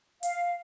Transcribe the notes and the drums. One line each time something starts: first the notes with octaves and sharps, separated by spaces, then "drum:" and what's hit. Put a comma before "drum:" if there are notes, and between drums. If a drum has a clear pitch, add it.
F5, drum: hi-hat